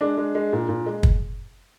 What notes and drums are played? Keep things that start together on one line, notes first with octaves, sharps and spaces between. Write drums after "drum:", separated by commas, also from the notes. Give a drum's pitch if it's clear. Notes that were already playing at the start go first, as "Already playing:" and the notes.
G#3 D4
G#3
G#3
A#2
A#2
G#3
drum: kick